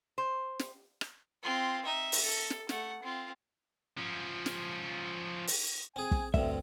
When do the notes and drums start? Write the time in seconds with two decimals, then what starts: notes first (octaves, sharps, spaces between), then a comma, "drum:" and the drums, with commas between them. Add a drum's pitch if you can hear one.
0.18 C5
0.59 drum: snare
1.01 drum: rim click
1.43 C4 F4
1.85 D#4 E5
2.12 drum: open hi-hat
2.22 A4
2.50 drum: snare
2.69 A3 F#5, drum: snare
3.02 C4 F4
3.98 F3 C#4
4.46 drum: snare
5.47 drum: open hi-hat
5.96 C4 G#4 G#5
6.11 drum: kick
6.34 D2 G2 C4 E5, drum: kick